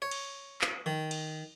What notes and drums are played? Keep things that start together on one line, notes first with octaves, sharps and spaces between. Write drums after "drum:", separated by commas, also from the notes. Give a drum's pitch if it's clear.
C#5
drum: cymbal
drum: clap
D#3
drum: cymbal